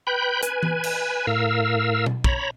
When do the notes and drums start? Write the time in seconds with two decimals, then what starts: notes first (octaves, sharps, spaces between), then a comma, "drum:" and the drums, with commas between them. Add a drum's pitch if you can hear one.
0.07 B4 G5 B5 G6
0.43 B4 G#5, drum: hi-hat
0.63 drum: tom E3
0.84 drum: cymbal
1.27 A2 A#4 F5 E6
2.06 drum: tom B2
2.24 C#5 A#5 B5, drum: kick